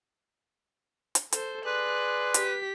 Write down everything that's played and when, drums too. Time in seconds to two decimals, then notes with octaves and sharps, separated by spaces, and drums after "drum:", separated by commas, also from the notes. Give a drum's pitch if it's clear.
1.15 drum: hi-hat
1.32 A4 C5, drum: hi-hat
1.65 G#4 B4 D5 C6 F#6
2.34 G4 B6, drum: hi-hat